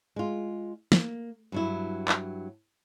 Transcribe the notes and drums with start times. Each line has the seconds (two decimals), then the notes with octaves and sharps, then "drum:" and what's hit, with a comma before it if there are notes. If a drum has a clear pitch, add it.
0.16 G#3 F4
0.92 A#3, drum: snare
1.52 G2 F#3 E4
2.08 drum: clap